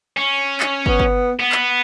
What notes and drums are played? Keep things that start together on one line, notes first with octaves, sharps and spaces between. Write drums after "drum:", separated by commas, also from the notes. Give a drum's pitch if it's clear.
C#4
drum: clap
B3, drum: kick
drum: kick
B3
drum: clap